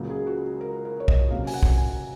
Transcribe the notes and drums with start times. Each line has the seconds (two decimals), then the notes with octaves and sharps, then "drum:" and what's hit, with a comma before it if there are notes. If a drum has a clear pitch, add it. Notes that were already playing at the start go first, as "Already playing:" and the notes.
Already playing: C#2 C#3 F#3 A#3
0.10 G#4
0.27 F#4
0.61 A#4
0.85 A#4
1.00 C#5
1.08 D#5, drum: kick
1.30 C3 F#3 A#3 C#4 F5
1.47 G#5, drum: open hi-hat
1.54 F#5
1.63 drum: kick
1.78 G#5